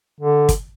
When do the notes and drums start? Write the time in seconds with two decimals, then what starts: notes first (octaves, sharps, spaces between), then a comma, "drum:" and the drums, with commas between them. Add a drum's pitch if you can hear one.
0.21 D3
0.49 drum: kick, hi-hat